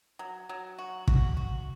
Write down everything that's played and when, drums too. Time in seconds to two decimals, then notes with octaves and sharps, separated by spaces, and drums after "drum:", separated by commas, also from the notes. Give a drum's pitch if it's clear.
0.19 F#3
0.49 F#3
0.78 F#4
1.08 F#4, drum: kick
1.37 F#4